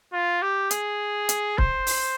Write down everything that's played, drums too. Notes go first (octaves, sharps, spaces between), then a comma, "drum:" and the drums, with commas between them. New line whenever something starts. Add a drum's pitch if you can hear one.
F4
G4
G#4, drum: hi-hat
drum: hi-hat
C5, drum: kick C#1
drum: open hi-hat